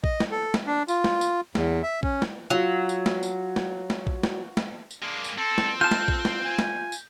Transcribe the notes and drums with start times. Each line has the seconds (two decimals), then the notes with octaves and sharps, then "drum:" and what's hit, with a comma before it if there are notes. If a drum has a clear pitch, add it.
0.04 D#5, drum: kick A#1
0.20 drum: snare
0.31 A4
0.54 drum: snare
0.67 D4
0.88 F4, drum: tambourine
1.04 drum: snare
1.21 drum: tambourine
1.55 E2, drum: snare
1.83 E5
2.03 C#4, drum: kick A#1
2.22 drum: snare
2.50 F#3 F4 F#4
2.89 drum: tambourine
3.06 drum: snare
3.23 drum: tambourine
3.56 drum: snare
3.90 drum: snare
4.07 drum: kick A#1
4.23 drum: snare
4.57 drum: snare
4.91 drum: tambourine
5.02 G#3 A#3 D4
5.24 drum: tambourine
5.38 C4 A4
5.58 drum: snare
5.81 F4 A4 A5 G6
5.91 drum: snare
6.08 drum: kick A#1
6.25 drum: snare
6.45 G#5
6.59 drum: snare
6.92 drum: tambourine